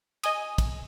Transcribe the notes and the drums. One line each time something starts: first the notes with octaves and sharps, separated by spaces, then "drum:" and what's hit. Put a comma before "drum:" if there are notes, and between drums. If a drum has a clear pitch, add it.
D#5 G#5 D#6, drum: cymbal
drum: kick, cymbal